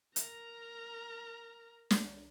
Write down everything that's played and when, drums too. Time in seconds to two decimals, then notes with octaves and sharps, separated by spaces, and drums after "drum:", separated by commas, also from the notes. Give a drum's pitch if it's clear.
0.16 A#4 A#5, drum: hi-hat
1.91 drum: snare